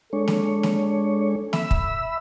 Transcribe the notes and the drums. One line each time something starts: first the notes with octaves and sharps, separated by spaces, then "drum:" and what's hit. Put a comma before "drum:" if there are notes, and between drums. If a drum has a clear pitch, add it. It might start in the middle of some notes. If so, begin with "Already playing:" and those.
G#3 D4 A4 C#5
drum: snare
drum: snare
E5 B5 E6, drum: snare
drum: kick